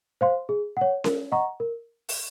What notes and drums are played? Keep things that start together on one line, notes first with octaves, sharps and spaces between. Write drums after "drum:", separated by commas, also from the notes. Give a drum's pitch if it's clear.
C5 F5 C6
G#4
C#5 F#5
A#4, drum: snare C#4
D#5 F#5 A#5 C#6
A#4
drum: open hi-hat